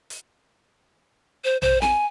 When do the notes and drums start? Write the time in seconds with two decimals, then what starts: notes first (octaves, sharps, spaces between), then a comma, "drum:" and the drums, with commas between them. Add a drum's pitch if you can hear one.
0.10 drum: hi-hat
1.44 C5
1.62 C5, drum: tom A#1
1.82 G#5, drum: snare